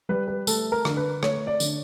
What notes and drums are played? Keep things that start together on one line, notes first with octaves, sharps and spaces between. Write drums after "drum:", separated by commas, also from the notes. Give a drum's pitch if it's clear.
G3 B4
B4
A3 A4, drum: tambourine
A#4
D3, drum: rim click
B4
A3 C#5, drum: rim click
D5
D3, drum: tambourine